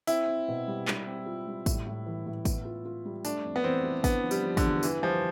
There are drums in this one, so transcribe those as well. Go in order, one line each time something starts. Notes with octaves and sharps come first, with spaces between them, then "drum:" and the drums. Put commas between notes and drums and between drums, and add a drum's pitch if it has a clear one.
C4 E4, drum: tambourine
C4
B2
G3
G3, drum: clap
C4
F4
G3
A2, drum: kick, tambourine
A2
E3
A2
B3, drum: kick, tambourine
F4
F4
G3
A3 D4, drum: tambourine
F2
B3
E3 C4
E4
D3 B3, drum: kick, tambourine
F3
G3, drum: tambourine
F3
D3, drum: kick, tambourine
E2
G2 E3, drum: tambourine
F3 G3